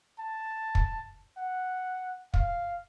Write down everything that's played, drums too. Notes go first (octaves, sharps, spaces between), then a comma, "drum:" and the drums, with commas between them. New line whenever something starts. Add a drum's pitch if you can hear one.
A5
drum: kick
F#5
F5, drum: kick